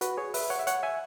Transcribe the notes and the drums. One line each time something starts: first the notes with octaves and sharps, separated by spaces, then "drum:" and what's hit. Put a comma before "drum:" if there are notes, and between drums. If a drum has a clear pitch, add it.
F#4 B4, drum: hi-hat
G#4 C#5
B4 E5, drum: open hi-hat
C#5 F#5
E5
C#5 F#5, drum: hi-hat
E5 G#5